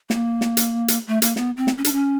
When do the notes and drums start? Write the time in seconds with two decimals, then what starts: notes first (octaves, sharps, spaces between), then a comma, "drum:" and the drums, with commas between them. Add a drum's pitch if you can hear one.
0.10 A#3, drum: snare
0.41 drum: snare
0.57 drum: hi-hat
0.88 drum: hi-hat
1.07 A3
1.22 A#3, drum: hi-hat
1.36 B3, drum: snare
1.57 C4
1.67 drum: snare
1.78 C#4
1.84 D4, drum: hi-hat
1.92 C#4